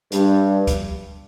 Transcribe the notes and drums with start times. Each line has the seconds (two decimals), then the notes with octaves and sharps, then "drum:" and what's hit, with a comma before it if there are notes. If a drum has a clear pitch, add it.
0.12 G2, drum: hi-hat
0.67 drum: kick, hi-hat